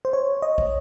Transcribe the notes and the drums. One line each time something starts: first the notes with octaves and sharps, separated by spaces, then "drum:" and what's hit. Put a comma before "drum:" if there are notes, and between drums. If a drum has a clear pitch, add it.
C5
C#5
D#5
drum: kick